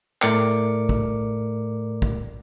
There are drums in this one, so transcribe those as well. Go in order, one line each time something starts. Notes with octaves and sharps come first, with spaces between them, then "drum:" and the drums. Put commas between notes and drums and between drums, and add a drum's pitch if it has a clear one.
A2 A3 A#4 D5 D6 C#7, drum: clap
drum: kick
drum: kick